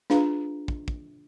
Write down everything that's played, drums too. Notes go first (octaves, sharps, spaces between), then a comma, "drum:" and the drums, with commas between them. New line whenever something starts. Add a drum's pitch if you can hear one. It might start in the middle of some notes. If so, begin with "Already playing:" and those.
D4 F4 G#4 B4 F5 A#5, drum: snare
drum: kick
drum: kick